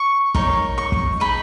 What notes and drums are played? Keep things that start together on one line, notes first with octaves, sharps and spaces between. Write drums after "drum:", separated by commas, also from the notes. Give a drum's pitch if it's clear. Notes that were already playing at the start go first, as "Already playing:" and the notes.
Already playing: C#6
D#4 A#4 C#5 C#6, drum: kick
C#6
drum: kick
D#4 G#4 B4 D#5 B5